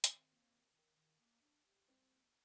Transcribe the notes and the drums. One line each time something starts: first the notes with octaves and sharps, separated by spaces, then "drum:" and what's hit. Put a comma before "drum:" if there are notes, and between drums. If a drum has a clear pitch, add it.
D#3 C4, drum: hi-hat
A#3
D#3
D#3
D#3
A#3
D4
G4
G3 C4
A#3